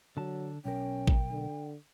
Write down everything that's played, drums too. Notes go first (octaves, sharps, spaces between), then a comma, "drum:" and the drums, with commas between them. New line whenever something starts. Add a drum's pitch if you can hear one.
D3 F#3 A5
B1 C#4 A#4 G5
drum: kick A1
D3